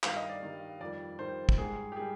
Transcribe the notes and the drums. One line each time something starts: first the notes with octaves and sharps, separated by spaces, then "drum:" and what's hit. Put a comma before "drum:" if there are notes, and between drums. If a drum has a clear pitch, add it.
G2 D#3 G3 F5, drum: clap
D#5
D5
G2 D#3 G3
F2 D#3 G3 D5
F2 D#3 G3 C5
drum: kick
G#2 G3 G#4
G4
G3 G#4